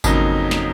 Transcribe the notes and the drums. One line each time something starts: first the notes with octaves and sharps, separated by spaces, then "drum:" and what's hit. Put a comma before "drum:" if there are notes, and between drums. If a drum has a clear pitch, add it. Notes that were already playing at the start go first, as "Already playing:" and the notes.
F2 C#3 F#3 A#3 D#4, drum: kick G#1, tambourine
drum: snare